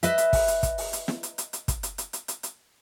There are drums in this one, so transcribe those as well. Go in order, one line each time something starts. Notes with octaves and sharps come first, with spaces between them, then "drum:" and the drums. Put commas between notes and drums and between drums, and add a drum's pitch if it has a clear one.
B4 D#5 E5, drum: hi-hat
drum: hi-hat
drum: kick, open hi-hat
drum: hi-hat
drum: kick, hi-hat
drum: open hi-hat
drum: hi-hat
drum: snare
drum: hi-hat
drum: hi-hat
drum: hi-hat
drum: kick, hi-hat
drum: hi-hat
drum: hi-hat
drum: hi-hat
drum: hi-hat
drum: hi-hat